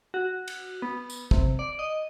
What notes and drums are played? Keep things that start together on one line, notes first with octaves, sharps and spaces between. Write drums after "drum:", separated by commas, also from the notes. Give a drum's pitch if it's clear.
F#4
drum: cymbal
B3
drum: tambourine
C3, drum: kick
D5
D#5